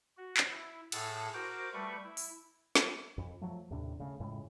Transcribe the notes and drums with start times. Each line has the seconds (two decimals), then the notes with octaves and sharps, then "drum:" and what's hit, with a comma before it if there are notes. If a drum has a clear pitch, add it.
0.17 F#4
0.37 drum: clap
0.52 E4
0.92 A2 G#4 A4 F#5 E6 A6, drum: cymbal
1.33 F#4 A#4 C5 D6
1.73 G3 A3 B4 C#6
2.04 E4
2.17 drum: open hi-hat
2.75 drum: snare
3.18 F2
3.41 F3 F#3 A3
3.70 D#2 A2 C3 D4
3.99 C#3 A3
4.20 F2 A2 C#3 G#3